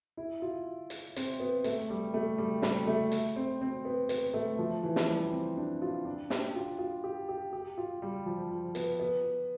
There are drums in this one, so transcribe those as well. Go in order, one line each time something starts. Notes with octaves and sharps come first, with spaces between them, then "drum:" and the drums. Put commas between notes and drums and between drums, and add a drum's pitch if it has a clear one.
E4
F4
drum: hi-hat
C4, drum: hi-hat
B3
A3, drum: hi-hat
G3
A3
G3
G3, drum: snare
A3
drum: hi-hat
C4
C4
B3
B3, drum: hi-hat
A3
F3
E3
drum: snare
G3
C4
D4
F4
D4
G4, drum: snare
F4
F4
G4
G4
G4
F4
G3
F3
F3
B3, drum: hi-hat
B3